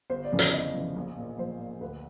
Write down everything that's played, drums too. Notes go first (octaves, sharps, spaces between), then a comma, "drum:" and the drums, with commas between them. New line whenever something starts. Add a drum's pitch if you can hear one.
G1 C5
D5
F2 C#3 E3
D5, drum: hi-hat
G1 D#5
F2 C#3 E3
A#1
A#2
A#1 C5
A#2
D2 B4